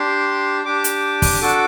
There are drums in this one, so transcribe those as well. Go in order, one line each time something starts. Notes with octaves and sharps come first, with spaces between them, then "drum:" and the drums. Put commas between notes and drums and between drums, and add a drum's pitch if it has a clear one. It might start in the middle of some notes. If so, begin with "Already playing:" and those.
Already playing: D4 G4 C6
D4 G4 D6
drum: hi-hat
drum: kick, open hi-hat
D4 F#4 A4